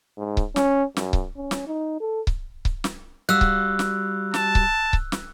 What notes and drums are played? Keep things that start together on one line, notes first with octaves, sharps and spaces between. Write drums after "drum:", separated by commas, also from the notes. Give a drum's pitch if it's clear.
G#2
drum: kick C#1
C#4, drum: snare
F#2, drum: snare
drum: kick C#1
C#4
drum: snare
D#4
A4
drum: kick C#1
drum: kick C#1
drum: snare
G3 F#4 F5 E6 F#6
drum: kick C#1
drum: snare
A5, drum: snare
drum: kick C#1
drum: kick C#1
drum: snare